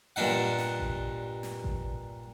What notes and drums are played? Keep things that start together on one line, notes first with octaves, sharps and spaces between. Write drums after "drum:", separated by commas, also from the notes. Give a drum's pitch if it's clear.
G2 A#2 D4 D#4 F#5
drum: snare
drum: kick A1
drum: snare
drum: kick A1